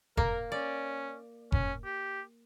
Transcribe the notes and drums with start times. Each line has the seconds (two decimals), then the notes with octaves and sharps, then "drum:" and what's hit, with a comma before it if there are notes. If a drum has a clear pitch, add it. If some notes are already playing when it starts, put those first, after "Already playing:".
0.17 A#3 A#4, drum: kick F1
0.52 C#4 D5
1.52 C#4, drum: kick F1
1.85 G4